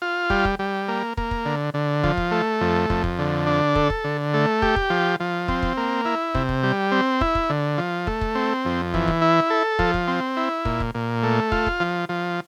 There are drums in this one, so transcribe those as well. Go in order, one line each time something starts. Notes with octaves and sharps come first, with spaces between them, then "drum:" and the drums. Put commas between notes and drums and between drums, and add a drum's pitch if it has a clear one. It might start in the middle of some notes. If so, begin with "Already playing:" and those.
F4
G3, drum: kick
drum: kick
G3
A#3
A#3, drum: kick
drum: kick
D3
D3
F3, drum: kick
drum: kick
A3
F2
F2, drum: kick
drum: kick
D3
D4
A4, drum: kick
drum: kick
D3
A3
G4, drum: kick
drum: kick
F3
F3
C4, drum: kick
drum: kick
A#3
E4
C3, drum: kick
drum: kick
G3
C4
E4, drum: kick
drum: kick
D3
F3
A3, drum: kick
drum: kick
C4
F2
E3, drum: kick
drum: kick
E4
A4
F3, drum: kick
drum: kick
C4
E4
A#2, drum: kick
drum: kick
A#2
A3
F4, drum: kick
drum: kick
F3
F3